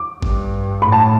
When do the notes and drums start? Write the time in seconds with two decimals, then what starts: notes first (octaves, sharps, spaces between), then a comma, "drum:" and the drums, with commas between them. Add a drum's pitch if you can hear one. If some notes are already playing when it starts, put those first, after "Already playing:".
Already playing: D6
0.22 G2, drum: kick A1
0.82 A2 B5
0.92 A5